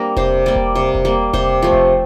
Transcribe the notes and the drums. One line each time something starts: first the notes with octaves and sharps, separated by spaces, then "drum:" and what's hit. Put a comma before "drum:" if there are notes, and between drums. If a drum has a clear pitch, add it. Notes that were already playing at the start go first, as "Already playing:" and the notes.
Already playing: G3 A#3 C4 D4 A#4
C3 C5, drum: kick E1
G3 A#3 D5
drum: kick E1
C3
drum: kick E1
G3 A#3
C3 C5, drum: kick E1
F3 A3
drum: kick E1